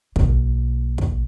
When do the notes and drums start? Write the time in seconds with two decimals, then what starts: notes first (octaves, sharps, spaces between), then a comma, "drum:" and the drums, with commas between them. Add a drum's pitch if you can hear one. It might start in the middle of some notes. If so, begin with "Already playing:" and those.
0.16 B1 A#3, drum: kick
0.98 drum: kick